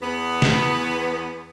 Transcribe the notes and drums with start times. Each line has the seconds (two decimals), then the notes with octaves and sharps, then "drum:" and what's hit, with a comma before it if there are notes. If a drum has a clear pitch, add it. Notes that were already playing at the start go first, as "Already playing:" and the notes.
0.01 E2 B3
0.42 drum: snare